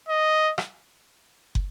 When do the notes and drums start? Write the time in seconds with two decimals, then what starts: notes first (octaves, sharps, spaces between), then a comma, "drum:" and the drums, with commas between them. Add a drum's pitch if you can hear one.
0.09 D#5
0.58 drum: rim click
1.55 drum: kick